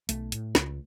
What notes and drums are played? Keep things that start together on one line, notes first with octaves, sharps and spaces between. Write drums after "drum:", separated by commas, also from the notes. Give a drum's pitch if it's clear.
B1 A3, drum: hi-hat
A2, drum: hi-hat
C#2, drum: snare